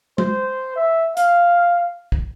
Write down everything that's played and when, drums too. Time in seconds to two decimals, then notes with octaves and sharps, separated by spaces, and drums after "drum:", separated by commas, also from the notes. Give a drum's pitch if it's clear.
0.18 C5, drum: tom
0.76 E5
1.17 F5, drum: hi-hat
2.12 drum: kick